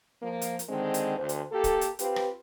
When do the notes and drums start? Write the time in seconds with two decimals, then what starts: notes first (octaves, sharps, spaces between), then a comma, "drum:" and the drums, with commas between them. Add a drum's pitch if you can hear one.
0.21 F3 A#3
0.42 drum: hi-hat
0.59 drum: hi-hat
0.69 D3 D#3 G#3 C4
0.94 drum: hi-hat
1.18 D2 C5
1.29 drum: hi-hat
1.51 A#3 G4 A4
1.64 drum: kick D1, hi-hat
1.81 drum: hi-hat
1.99 C4 F4 G4 B4, drum: hi-hat
2.16 drum: rim click